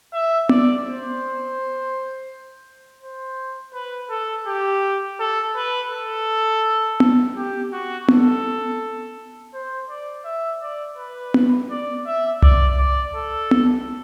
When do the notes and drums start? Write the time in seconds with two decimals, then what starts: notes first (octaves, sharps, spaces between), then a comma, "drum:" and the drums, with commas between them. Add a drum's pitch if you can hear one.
0.13 E5
0.49 D5, drum: tom B3
0.85 C5
3.02 C5
3.74 B4
4.10 A4
4.47 G4
5.20 A4
5.56 B4
5.91 A4
7.00 drum: tom B3
7.37 G4
7.73 F#4
8.08 A4, drum: tom B3
9.54 C5
9.90 D5
10.25 E5
10.62 D5
10.98 B4
11.34 drum: tom B3
11.70 D5
12.07 E5
12.42 D5, drum: tom C2
12.78 D5
13.15 A4
13.51 drum: tom B3